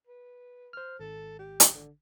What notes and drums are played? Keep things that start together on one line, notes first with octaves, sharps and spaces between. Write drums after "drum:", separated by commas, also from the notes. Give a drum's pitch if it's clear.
B4
C5 F6
G#1 A4
G4
drum: hi-hat
D3